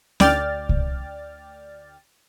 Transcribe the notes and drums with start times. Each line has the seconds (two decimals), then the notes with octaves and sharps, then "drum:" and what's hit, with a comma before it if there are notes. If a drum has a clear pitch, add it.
0.20 D2 D5 G5 F6 A6, drum: snare C#4
0.69 drum: kick C2